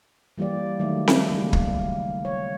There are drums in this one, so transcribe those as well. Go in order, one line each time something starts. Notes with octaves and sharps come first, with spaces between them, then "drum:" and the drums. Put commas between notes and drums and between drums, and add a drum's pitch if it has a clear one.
E3 G3 A#3 G4 D5
D#3 F#3 A3
drum: snare C4
C#3 G3
A#3
drum: kick
C#5